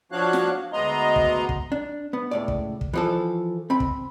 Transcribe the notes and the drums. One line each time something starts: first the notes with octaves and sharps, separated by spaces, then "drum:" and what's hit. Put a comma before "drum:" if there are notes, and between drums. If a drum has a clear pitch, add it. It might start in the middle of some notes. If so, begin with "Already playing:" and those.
F3 D4 F#4 C#5 F5 F#6
drum: snare
D2 G#3 B3 D#5 A#5 C6
drum: kick
drum: kick
D4
B3
C#2 A2 D5
drum: kick
drum: kick
E3 F3 A4
C4 B5
drum: kick